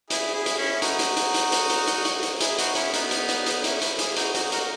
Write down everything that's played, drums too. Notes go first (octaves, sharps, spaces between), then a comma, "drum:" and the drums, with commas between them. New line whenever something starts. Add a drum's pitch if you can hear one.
E4 G#4, drum: hi-hat
E4 G#4
drum: hi-hat
C#4 E4
D#4 F#4, drum: hi-hat
drum: hi-hat
drum: hi-hat
drum: hi-hat
drum: hi-hat
drum: hi-hat
drum: hi-hat
drum: hi-hat
drum: hi-hat
E4 G#4, drum: hi-hat
D#4 F#4, drum: hi-hat
C#4 E4, drum: hi-hat
B3 D#4, drum: hi-hat
drum: hi-hat
drum: hi-hat
drum: hi-hat
C#4 E4, drum: hi-hat
drum: hi-hat
E4 G#4, drum: hi-hat
D#4 F#4, drum: hi-hat
D#4 F#4, drum: hi-hat
F#4 A#4, drum: hi-hat